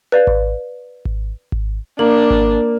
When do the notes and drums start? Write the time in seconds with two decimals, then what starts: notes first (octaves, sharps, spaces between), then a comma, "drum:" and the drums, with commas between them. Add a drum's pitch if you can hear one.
0.12 B4 D5 F5
0.27 drum: kick G#1
1.05 drum: kick G#1
1.52 drum: kick G#1
1.99 A#3 D4 F#7
2.30 drum: kick G#1